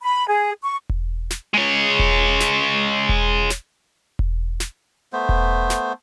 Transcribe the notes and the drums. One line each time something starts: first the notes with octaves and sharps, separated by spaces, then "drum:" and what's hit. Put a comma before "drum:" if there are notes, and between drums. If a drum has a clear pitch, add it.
B5
G#4
C#6
drum: kick E1
drum: snare
G#3 C#5
drum: kick E1
drum: snare
drum: kick E1
drum: snare
drum: kick E1
drum: snare
A3 B3 C5
drum: kick E1
drum: snare